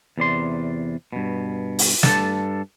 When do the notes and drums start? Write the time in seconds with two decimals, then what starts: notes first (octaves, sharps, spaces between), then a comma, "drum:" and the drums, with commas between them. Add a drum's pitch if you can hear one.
0.18 E2 C3 D5 C6
1.13 G2 B2
1.79 drum: open hi-hat
2.03 G2 F#3 A4 D5 A5, drum: snare